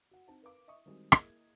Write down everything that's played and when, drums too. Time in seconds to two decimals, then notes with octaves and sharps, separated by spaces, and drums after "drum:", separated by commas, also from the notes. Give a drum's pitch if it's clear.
0.11 F#4 F#5
0.28 C4 D#4 A5
0.42 A#4 B4 F5 D6
0.68 D#5 E5 C#6 D#6
0.86 D#3 G3 G#3 C4 F#4 G#4
1.12 A#3 E4 G#4 D#5 G#6, drum: rim click